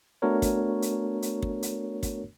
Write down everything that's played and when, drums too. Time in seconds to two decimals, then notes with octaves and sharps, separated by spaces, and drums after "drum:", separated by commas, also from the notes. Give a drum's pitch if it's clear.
0.22 A3 B3 D4 F#4 A#4 C#5
0.42 drum: kick, hi-hat
0.82 drum: hi-hat
1.22 drum: hi-hat
1.42 drum: kick
1.63 drum: hi-hat
2.03 drum: kick, hi-hat